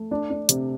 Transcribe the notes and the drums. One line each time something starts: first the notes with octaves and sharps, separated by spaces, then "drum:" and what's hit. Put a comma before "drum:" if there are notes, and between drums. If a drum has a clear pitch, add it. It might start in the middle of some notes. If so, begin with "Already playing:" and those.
Already playing: A3
D4
D4
C3, drum: hi-hat